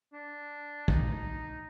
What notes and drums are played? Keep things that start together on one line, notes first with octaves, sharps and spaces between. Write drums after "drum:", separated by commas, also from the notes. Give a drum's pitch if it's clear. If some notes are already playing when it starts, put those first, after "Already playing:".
D4
D#4, drum: kick